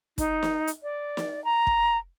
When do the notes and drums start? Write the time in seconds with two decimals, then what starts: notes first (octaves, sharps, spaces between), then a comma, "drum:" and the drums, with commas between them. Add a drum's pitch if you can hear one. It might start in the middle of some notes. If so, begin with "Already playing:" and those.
0.18 D#4, drum: kick, hi-hat
0.43 drum: snare
0.67 drum: hi-hat
0.83 D5
1.17 drum: snare
1.45 A#5
1.67 drum: kick